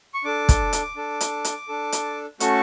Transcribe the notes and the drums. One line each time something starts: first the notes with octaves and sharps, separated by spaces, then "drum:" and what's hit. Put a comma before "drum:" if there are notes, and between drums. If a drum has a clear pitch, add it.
C#6
D4 A4 D6
drum: kick, hi-hat
drum: hi-hat
D4 A4
drum: hi-hat
drum: hi-hat
D4 A4
drum: hi-hat
A3 C#4 F#4 A4 C#6, drum: hi-hat